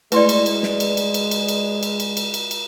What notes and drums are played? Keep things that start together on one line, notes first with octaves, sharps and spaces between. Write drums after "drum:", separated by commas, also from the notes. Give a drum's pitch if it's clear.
G#3 A3 E4 B4 D5 C6, drum: cymbal
drum: cymbal
drum: cymbal
drum: snare
drum: cymbal
drum: cymbal
drum: cymbal
drum: cymbal
drum: cymbal
drum: cymbal
drum: cymbal
drum: cymbal
drum: cymbal
drum: cymbal